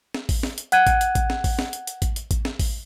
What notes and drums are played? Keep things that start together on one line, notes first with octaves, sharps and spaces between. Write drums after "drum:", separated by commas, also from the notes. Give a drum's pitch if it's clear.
drum: snare
drum: kick A1, open hi-hat
drum: snare
drum: hi-hat
F#5 F#6 G#6 D#7, drum: hi-hat
drum: kick A1, hi-hat
drum: hi-hat
drum: kick A1, hi-hat
drum: snare
drum: kick A1, open hi-hat
drum: snare
drum: hi-hat
drum: hi-hat
drum: kick A1, hi-hat
drum: hi-hat
drum: kick A1, hi-hat
drum: snare
drum: kick A1, open hi-hat